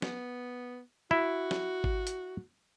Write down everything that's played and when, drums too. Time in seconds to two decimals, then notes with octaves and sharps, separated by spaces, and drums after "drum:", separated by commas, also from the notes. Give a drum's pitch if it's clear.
0.02 B3, drum: snare
1.11 E4 F#4
1.51 drum: snare
1.84 drum: kick G#1
2.07 drum: hi-hat